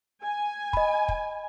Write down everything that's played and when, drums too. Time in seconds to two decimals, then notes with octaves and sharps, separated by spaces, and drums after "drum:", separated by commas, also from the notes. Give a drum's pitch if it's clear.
0.23 G#5
0.73 D#5 B5, drum: kick
1.08 drum: kick